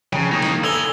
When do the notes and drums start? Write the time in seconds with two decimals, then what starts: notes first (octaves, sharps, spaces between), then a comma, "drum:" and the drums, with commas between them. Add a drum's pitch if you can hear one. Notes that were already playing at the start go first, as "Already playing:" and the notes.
0.13 C#3 G5 A5 A#5, drum: tom E3
0.31 A#3 D#4 E4 C#6 D#6
0.42 drum: snare
0.64 D3 A4 G#5 E6 F7 G7